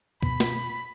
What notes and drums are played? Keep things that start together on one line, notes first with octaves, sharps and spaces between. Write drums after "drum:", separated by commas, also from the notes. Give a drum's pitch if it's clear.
B2 B5, drum: kick
drum: snare